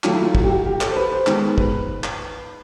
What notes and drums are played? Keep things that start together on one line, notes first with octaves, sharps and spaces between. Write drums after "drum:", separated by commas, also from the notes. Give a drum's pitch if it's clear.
D#3 F#3 A3 F4, drum: clap
E4
F4
F#4, drum: kick
G4
F#4
G4
A4, drum: clap
C5
B4
C5
D#3 G#3 B3, drum: clap
B4, drum: kick
drum: clap